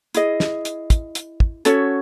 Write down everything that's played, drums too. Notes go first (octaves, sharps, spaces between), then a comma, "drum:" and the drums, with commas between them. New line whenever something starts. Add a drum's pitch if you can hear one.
E4 G#4 D#5, drum: hi-hat
drum: snare
drum: hi-hat
drum: kick, hi-hat
drum: hi-hat
drum: kick
C#4 F#4 A4 C#5, drum: hi-hat